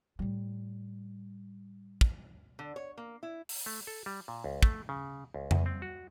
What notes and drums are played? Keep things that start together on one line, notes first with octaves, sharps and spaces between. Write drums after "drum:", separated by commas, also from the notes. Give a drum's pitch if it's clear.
A2 G3
drum: kick
D3
C#5
A#3
E4
drum: open hi-hat
A3
A4
G3
A#2
C#2
A3, drum: kick
C#3
C#2
E2, drum: tom F2
C4
F#4